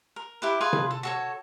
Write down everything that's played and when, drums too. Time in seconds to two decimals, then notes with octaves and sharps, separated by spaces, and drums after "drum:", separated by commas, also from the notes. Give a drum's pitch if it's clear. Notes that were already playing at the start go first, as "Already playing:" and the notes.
0.16 A#4
0.42 E4 G4 B4
0.61 F4 G#4 B4 G#5
0.73 drum: tom C3
0.91 A4
1.03 F#4 A4 C#5